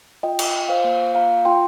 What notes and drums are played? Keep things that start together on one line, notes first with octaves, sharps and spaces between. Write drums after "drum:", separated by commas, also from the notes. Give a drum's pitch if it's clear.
F4 D#5 G5
drum: cymbal
F4
C5 F5
A#3
F4 F5 A#5
F4 G5 C6